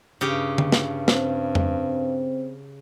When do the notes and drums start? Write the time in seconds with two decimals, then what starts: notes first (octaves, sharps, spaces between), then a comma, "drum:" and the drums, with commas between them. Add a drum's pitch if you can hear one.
0.21 G2 C#3 G4 G5
0.58 drum: tom D3
0.72 drum: snare
1.08 C4, drum: snare
1.55 drum: tom F2